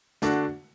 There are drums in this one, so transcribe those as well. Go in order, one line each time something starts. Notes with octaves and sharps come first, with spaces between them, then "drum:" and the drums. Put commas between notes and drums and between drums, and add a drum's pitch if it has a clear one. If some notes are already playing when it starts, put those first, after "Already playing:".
D3 A3 D4 F#4, drum: snare